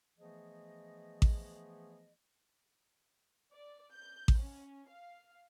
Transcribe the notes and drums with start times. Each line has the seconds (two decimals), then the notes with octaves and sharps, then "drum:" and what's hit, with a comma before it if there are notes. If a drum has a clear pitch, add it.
0.18 E3 F3 A3 B3 G#4 D#5
1.22 drum: kick A1
3.52 D5
3.94 G6
4.28 drum: kick A1
4.39 C#4
4.88 F5